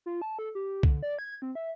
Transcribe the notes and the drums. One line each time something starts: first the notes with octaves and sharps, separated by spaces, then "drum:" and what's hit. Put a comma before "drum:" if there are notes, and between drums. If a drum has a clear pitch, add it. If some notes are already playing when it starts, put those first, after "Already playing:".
F4
A5
A4
G4
D3, drum: kick C2
D5
G#6
C4
E5